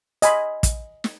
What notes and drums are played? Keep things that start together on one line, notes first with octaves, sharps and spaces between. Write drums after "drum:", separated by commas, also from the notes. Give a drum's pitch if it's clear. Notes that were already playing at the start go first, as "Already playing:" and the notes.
D#5 G#5 B5 C6, drum: hi-hat
drum: kick, hi-hat
drum: snare